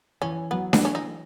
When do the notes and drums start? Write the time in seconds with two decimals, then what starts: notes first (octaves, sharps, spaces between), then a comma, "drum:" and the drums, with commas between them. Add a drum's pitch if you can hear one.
0.22 E3 C#4
0.51 F#3 B3
0.73 B3, drum: snare D4
0.80 E3
0.85 C#4
0.95 D#4